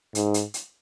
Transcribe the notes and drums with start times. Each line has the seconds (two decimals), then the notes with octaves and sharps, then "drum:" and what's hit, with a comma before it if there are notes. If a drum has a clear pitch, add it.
0.15 G#2, drum: hi-hat
0.34 drum: hi-hat
0.54 drum: hi-hat